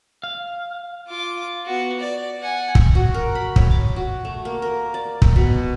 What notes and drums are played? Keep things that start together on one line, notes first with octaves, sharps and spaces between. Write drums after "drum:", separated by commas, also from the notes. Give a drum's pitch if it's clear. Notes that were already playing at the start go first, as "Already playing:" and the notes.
F5
F4 D6
B3 F#4
D5
F#5 G#5
drum: kick
F#4
A#4
B5
C#5, drum: kick
D6
F#4
A3
A#3
A#4
D5
drum: kick
B2